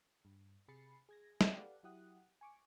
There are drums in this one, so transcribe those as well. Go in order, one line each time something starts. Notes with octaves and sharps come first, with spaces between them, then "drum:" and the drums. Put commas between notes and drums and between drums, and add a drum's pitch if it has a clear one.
G2
C3 G#4 B5 A6 C7 C#7
G#4 G#6 A#6
drum: snare
G4 A4 B4 D5 F5 F#5
F#3 E4 G4 F#5 D#6 F#6
G#5 C#6 D6